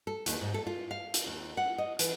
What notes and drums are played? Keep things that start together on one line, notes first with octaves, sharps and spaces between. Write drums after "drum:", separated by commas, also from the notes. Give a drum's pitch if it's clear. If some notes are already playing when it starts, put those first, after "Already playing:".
A4
D#2, drum: hi-hat
G#2
A4
F4
F5
drum: hi-hat
D#2
F#5
D#5
E3, drum: hi-hat